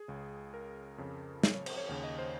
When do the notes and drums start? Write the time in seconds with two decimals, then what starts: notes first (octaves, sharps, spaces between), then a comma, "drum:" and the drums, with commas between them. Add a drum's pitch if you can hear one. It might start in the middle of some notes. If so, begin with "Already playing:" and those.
Already playing: G#4
0.08 C#2 C#3
0.54 A#4
0.98 F2 C#3
1.43 C#5, drum: snare
1.54 C#5
1.66 C5, drum: cymbal
1.77 C#5
1.89 D#2 C#3 C#5
2.04 D#5
2.19 C5